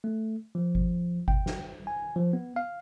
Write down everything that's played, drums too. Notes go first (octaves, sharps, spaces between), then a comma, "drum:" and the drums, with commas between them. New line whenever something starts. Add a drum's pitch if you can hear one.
A3
F3
drum: kick G1
G5, drum: kick G1
drum: snare
G#5
F3
B3
F5